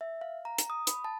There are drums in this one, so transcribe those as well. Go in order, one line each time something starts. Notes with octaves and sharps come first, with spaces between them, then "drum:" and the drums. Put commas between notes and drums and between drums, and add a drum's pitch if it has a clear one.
E5
F5
A#5
drum: hi-hat
D#6
B5, drum: hi-hat
A5